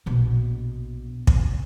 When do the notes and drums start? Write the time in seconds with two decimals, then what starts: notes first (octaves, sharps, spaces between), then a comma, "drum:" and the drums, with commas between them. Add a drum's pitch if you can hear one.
0.06 A#1 B2
1.27 drum: kick